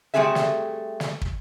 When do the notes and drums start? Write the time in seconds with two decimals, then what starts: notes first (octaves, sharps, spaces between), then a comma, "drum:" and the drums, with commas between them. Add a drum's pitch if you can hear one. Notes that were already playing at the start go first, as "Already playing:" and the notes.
0.14 G3 A3 C4 F#4 G#4 E5
0.35 drum: snare
1.00 drum: snare
1.21 drum: kick